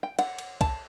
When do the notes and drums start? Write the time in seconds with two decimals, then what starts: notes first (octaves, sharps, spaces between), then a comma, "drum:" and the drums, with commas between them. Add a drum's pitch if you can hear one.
0.03 G5
0.19 F#5, drum: cymbal
0.39 drum: cymbal
0.61 A5, drum: kick, cymbal